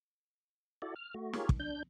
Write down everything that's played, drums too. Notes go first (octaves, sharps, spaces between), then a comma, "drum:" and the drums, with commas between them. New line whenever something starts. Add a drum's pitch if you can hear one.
E4 F#4 A4 D5
F6
A3 F#4
F4 G4 G#4 A#4 C#5, drum: snare
drum: kick
D4 G6